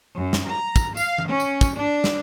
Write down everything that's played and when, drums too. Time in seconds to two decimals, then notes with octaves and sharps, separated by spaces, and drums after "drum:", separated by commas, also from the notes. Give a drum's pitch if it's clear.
0.16 F#2
0.33 drum: snare
0.49 A#5
0.76 drum: kick, tambourine
0.97 F5, drum: tambourine
1.18 drum: tom E3
1.30 C#4
1.40 drum: tambourine
1.61 drum: kick, tambourine
1.77 D4
2.04 drum: snare